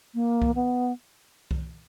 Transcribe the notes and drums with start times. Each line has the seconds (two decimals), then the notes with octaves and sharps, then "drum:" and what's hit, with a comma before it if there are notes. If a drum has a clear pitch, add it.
0.15 A#3
0.42 drum: kick C2
0.55 B3
1.51 drum: kick C2